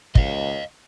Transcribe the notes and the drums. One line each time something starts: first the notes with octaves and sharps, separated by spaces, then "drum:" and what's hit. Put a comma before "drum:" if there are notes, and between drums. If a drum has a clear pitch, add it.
C#2 D#5 F5, drum: kick